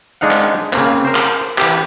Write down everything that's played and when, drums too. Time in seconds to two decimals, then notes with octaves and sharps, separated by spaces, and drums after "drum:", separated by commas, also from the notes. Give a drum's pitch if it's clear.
0.21 G#3 D4 D#4 F5 F#5
0.31 drum: clap
0.73 C#3 A#3 C4, drum: clap
1.05 A#4 C5
1.15 drum: clap
1.58 E3 G4, drum: clap